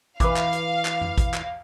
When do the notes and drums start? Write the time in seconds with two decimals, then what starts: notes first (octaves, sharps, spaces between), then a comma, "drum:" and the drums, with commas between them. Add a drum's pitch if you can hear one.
0.20 E3 B4 F5 D6, drum: kick A1, hi-hat
0.36 drum: clap
0.53 drum: hi-hat
0.85 drum: clap
1.01 drum: tom F2
1.18 drum: kick A1, hi-hat
1.34 drum: clap